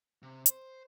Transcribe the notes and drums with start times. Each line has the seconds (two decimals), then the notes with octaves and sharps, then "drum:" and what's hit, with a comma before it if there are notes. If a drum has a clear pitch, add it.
0.22 C3
0.46 C5, drum: hi-hat